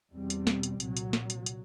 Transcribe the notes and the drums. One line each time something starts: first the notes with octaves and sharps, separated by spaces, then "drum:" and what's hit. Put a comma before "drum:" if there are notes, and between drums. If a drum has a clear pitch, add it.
E2 B2 G3 C4
drum: hi-hat
drum: snare
drum: hi-hat
C2 A#2 F#3, drum: hi-hat
drum: hi-hat
drum: snare
drum: hi-hat
drum: hi-hat